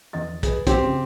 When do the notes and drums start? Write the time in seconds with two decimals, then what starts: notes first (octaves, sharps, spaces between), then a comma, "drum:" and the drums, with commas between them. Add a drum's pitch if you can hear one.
0.13 E2 D#5 A6
0.43 G#4 B4, drum: kick, hi-hat
0.67 C4 G4 C5, drum: kick, hi-hat
0.84 C#3